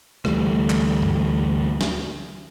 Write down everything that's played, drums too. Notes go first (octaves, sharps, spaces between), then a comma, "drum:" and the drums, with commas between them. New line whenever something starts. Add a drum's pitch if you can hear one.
D2 E3 G3 A3, drum: rim click
drum: clap
drum: tom G2
drum: snare